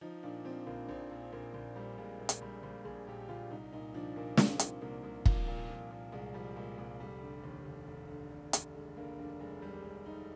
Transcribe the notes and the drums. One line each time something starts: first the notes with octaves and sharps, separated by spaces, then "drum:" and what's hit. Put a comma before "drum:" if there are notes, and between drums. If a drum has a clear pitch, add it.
F3 D#4
A#2 D4
F3 C4
A#1 A#3
A#1 C4
A#2
A#1 A#3
A#1
A#2 G3
A#2 G#3
A#2 A#3
drum: hi-hat
A#1 G3
A#1 A#3
A#1 G#4
A#2 G4
G4
A#1 F4
C2 D#4
A#2 D#4
F3 D4
A#2 A#3
A#2 C4, drum: snare
A#2, drum: hi-hat
C2 A#3
C2
F3 A#3, drum: kick
A#2
F3
A#2
C2 G#3
F3 G3
A#2 G#3
C2 G#3
F1 G3
D3
D#2
D#2
F1
D3
F1
F1, drum: hi-hat
D3 G#3
D3 A#3
F1 D4
F1 G#3
F1 G3
F1 G#3
F1 D#4